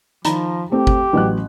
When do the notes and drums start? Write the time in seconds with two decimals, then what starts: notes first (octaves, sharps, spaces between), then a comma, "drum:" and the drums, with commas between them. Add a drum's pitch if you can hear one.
0.25 D#3 F3 A#5 B5, drum: hi-hat
0.72 A3 C4 G4
0.87 drum: kick G1
1.13 A1 F#3 F#6